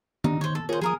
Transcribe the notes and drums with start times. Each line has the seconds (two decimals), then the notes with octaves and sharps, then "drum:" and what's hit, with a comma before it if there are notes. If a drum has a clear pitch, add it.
0.24 D4 D#4, drum: tom D#3
0.41 D#3 C5 C#5
0.55 A4
0.69 F4 G#4 A#4 C5 C#5
0.81 F3 G#4 A#4 D#6